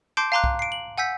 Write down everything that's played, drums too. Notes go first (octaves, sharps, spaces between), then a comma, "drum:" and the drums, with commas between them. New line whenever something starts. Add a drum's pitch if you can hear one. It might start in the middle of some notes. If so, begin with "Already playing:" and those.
A5 C6 D6 G6 C7 D7
F5 G#5 A#5 C6 D6 F#6
drum: kick
C7 D7
F#7
F#5 G#5 E6 G6 B6